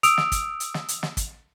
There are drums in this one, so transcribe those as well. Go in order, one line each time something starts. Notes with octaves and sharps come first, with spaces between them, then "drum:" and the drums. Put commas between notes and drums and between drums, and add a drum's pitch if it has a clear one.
D#6 E6 D7 F7, drum: hi-hat
drum: snare
drum: kick, hi-hat
drum: hi-hat
drum: snare
drum: hi-hat
drum: snare
drum: kick, hi-hat